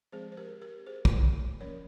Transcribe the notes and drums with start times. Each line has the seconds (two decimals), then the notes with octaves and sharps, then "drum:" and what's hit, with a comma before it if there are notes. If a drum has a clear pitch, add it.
0.12 F3 G#3 C4 G#4 C5
0.32 C5
0.37 G4 A#4
0.62 G4 A#4
0.86 G#4 C5
1.05 drum: kick
1.61 F3 A#3 C#4 A#4 C#5